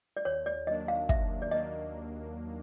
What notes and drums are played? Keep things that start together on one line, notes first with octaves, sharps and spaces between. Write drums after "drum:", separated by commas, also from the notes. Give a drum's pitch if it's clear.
D5
D#2 C#5
D5
D#3 F#3 A#3 D4 D#5
F5
D#2 E5, drum: kick
D5
D#3 F#3 A#3 D4 D#5